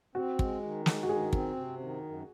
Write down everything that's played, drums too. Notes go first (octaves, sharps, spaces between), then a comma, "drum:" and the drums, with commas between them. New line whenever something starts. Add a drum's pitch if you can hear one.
C4 F#4
G#3, drum: kick
D#3
G#3, drum: snare
F#4
D#3 G#4
C4, drum: kick
C3
D#3
F#2